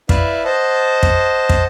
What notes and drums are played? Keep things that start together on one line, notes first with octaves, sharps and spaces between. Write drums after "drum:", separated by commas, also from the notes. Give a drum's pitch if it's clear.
E4 B4 D5 E5 F5, drum: kick
C5 D#5 F#5 A5
drum: kick
drum: kick